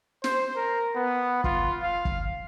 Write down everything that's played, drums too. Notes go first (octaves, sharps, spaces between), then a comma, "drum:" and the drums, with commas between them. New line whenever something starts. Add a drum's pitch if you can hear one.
C5, drum: snare
A#4
B3
F4, drum: kick
F5
drum: kick